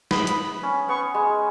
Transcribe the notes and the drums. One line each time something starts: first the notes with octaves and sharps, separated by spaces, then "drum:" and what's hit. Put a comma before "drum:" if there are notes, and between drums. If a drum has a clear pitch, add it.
B3 B5, drum: snare
drum: hi-hat
C#4
B3 C#6
G#3